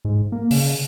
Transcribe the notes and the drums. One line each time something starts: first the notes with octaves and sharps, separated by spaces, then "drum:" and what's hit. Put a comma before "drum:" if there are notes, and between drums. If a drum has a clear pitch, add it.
G#2
A#3
C#3, drum: open hi-hat